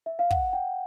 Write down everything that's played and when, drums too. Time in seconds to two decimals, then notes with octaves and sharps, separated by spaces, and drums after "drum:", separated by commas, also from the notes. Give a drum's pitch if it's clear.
0.06 E5
0.19 F5
0.31 F#5, drum: kick
0.53 G5